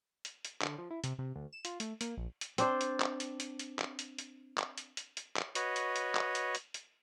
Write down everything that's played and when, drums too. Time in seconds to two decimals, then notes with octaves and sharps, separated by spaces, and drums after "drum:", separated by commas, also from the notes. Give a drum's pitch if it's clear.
0.25 drum: hi-hat
0.45 drum: hi-hat
0.62 D3, drum: clap
0.78 F3
0.91 E4
1.04 C3, drum: hi-hat
1.19 C3
1.35 D2
1.53 E7
1.65 F4, drum: hi-hat
1.80 A3, drum: hi-hat
2.01 A#3, drum: hi-hat
2.17 A#1
2.41 drum: hi-hat
2.58 C4 D4 C5, drum: hi-hat
2.81 drum: hi-hat
3.00 drum: clap
3.20 drum: hi-hat
3.40 drum: hi-hat
3.59 drum: hi-hat
3.79 drum: clap
3.99 drum: hi-hat
4.18 drum: hi-hat
4.58 drum: clap
4.78 drum: hi-hat
4.97 drum: hi-hat
5.17 drum: hi-hat
5.37 drum: clap
5.55 F#4 B4 C#5 D#5, drum: hi-hat
5.76 drum: hi-hat
5.96 drum: hi-hat
6.15 drum: clap
6.35 drum: hi-hat
6.55 drum: hi-hat
6.74 drum: hi-hat